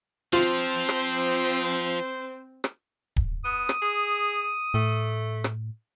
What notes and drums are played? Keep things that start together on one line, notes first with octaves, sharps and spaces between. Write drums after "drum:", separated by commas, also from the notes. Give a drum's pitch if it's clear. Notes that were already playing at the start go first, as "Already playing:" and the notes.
F3 C4 F4 C5
drum: rim click
drum: rim click
drum: kick D1
B3 D#6
drum: rim click
G#4
A2 A3
drum: rim click